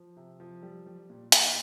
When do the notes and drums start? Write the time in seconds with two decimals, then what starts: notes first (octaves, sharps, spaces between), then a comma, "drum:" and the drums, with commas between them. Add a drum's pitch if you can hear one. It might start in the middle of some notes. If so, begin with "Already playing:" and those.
Already playing: F3
0.17 C3
0.40 F3
0.62 G3
0.86 G3
1.10 A#2
1.32 A#2, drum: hi-hat